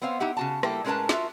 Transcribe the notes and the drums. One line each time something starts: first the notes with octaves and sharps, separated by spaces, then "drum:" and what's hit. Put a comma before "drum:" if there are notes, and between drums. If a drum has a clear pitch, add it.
B3 C4 C5 C#5 F5
D#4 E4 G4 F#5
C#3 F#4 A5
G3 A#3 E4 G4 A4, drum: rim click
A2 G#3 C#4 A#4 B4 A5
F4 F#4 A#4 E5, drum: snare